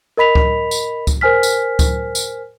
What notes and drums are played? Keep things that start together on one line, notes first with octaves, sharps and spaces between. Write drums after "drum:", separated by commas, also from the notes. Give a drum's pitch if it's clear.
A#4 D#5 B5 B6 F7
drum: kick C#2
drum: tambourine
drum: kick C#2, tambourine
A#4 C5 G#5 F6 B6
drum: tambourine
drum: kick C#2, tambourine
drum: tambourine